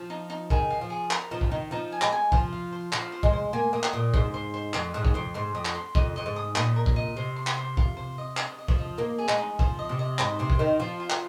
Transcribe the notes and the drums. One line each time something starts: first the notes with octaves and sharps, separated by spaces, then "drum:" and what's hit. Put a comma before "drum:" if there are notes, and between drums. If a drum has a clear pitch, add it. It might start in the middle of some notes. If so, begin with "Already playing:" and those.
Already playing: F3
D#4
D#4
D#3 G#4, drum: kick
F5
F3
G#4
A#4, drum: clap
F3 D#4
drum: kick
D#3 D#4
F3 D#4
G#5
G#3, drum: clap
G#5
F3 C5, drum: kick
F5
C5
F3 F5, drum: clap
C5
G#3, drum: kick
C5
A#3 G#5
A#3 D#6
drum: clap
A#2 D#6
G#2 C5, drum: kick
C5
C5
F2 C5, drum: clap
G#2 D#6
drum: kick
F2 C5
G#2 C6
F2 D#6
drum: clap
C6
F2 D#5, drum: kick
F2 D#5
G#2
D#6
A#2 D#5, drum: clap
A#4
drum: kick
D#5
C3 C5
C6
drum: clap
C5
F4, drum: kick
C5
D#5
D#5, drum: clap
D#5
F3, drum: kick
D#5
A#3 D#4
G#4
G#3, drum: clap
D#4
F3 C5, drum: kick
D#5
C3
D#5
G#2 C5, drum: clap
C3 C5
drum: kick
D#3 C5
F3 F4
F4
drum: clap